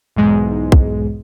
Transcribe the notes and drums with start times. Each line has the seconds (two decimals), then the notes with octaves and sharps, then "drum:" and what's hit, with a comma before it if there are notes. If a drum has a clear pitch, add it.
0.16 B1 E2 G#2 G#3
0.72 drum: kick